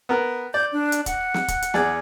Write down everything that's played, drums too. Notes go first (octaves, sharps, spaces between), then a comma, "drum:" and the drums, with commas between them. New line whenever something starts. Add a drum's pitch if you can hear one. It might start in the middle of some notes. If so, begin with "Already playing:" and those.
B3 A#4
D5 G6
D4
drum: hi-hat
F#5, drum: kick, hi-hat
drum: snare
drum: kick, hi-hat
drum: hi-hat
E2 G#4 D5, drum: snare